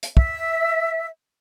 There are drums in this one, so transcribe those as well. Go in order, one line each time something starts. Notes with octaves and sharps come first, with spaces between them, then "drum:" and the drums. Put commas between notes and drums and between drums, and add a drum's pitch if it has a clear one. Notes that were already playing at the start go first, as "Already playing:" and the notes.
drum: hi-hat
E5, drum: kick